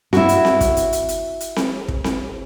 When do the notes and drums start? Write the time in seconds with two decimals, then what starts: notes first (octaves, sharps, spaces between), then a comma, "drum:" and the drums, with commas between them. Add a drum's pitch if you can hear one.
0.13 E4 F#4, drum: snare C4
0.29 drum: hi-hat
0.45 drum: snare C4
0.61 drum: kick, hi-hat
0.77 drum: hi-hat
0.93 drum: hi-hat
1.09 drum: hi-hat
1.40 drum: hi-hat
1.56 drum: snare C4
1.88 drum: kick
2.04 drum: snare C4